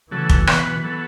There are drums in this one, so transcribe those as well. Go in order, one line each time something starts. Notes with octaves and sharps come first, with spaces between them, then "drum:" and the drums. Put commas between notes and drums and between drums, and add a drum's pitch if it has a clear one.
C#3 E3 F#3 A3 F#4 A4
drum: kick
B2 B3 F#4 B4, drum: rim click
F#3 B3 A4